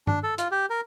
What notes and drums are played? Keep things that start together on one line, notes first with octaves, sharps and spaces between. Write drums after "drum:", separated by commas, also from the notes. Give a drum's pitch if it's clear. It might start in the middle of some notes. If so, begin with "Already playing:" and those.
D4, drum: tom G2
A4
F4, drum: hi-hat
G4
A#4